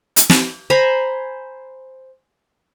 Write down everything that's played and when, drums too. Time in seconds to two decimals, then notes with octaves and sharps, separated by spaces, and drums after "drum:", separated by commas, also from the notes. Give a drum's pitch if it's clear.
0.16 drum: hi-hat
0.30 drum: snare
0.70 C5 G#5 A#5 B5